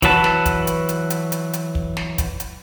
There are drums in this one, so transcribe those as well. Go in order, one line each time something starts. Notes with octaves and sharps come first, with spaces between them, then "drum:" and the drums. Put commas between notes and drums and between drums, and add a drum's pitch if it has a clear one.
E3 F#3 F#4 B4 A5, drum: kick, hi-hat
drum: snare
drum: kick, hi-hat
drum: hi-hat
drum: hi-hat
drum: hi-hat
drum: hi-hat
drum: hi-hat
drum: kick
drum: snare
drum: kick, hi-hat
drum: hi-hat